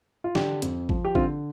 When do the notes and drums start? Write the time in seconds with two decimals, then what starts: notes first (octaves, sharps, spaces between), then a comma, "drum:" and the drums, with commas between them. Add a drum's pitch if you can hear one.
0.24 F4
0.35 D3 D4 G4, drum: snare
0.62 F2, drum: hi-hat
0.89 F3, drum: kick A1
1.05 G4
1.15 D3 C4 F4, drum: kick A1